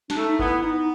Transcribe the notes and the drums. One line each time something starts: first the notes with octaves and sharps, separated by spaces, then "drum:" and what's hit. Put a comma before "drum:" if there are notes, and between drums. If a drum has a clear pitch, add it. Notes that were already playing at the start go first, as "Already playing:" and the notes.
D4, drum: snare
A3 D#4
D#4
B3 E4, drum: kick F#1
B3 D#4